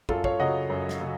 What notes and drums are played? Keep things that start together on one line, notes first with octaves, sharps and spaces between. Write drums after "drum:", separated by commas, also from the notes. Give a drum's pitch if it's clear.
F#2 F4 A4, drum: kick
C#5 F5, drum: kick
C#3 F#3 D#5 F#5
F#2
drum: snare
C#3 F#3